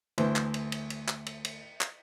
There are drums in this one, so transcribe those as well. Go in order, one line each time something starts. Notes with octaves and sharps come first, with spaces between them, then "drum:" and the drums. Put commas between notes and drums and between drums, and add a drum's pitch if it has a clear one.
D2 E3 C5, drum: cymbal
drum: clap
drum: cymbal
drum: cymbal
drum: cymbal
drum: clap
drum: cymbal
drum: cymbal
drum: clap